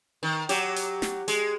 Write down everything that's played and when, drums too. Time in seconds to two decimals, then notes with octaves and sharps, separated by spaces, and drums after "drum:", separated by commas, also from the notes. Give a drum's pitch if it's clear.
0.23 D#3
0.49 F#3 G4, drum: hi-hat
0.76 drum: hi-hat
1.02 drum: snare
1.28 G#3, drum: hi-hat